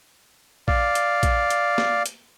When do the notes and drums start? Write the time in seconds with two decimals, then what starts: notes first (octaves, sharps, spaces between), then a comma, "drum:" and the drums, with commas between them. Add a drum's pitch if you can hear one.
0.68 D5 F5, drum: kick A#1
0.95 drum: hi-hat
1.23 drum: kick A#1, hi-hat
1.50 drum: hi-hat
1.78 drum: snare
2.06 drum: hi-hat